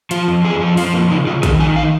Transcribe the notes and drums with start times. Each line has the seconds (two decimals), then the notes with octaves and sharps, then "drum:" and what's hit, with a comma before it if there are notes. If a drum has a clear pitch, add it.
0.11 F3 F4, drum: hi-hat
0.28 F2
0.44 F2 G#4
0.60 F3
0.77 F3 F4, drum: open hi-hat
0.94 F2 A#3
1.10 C#3 D#4
1.27 C#3 F4
1.43 D#3 G#4, drum: kick, hi-hat
1.60 D#3 G#5
1.76 F5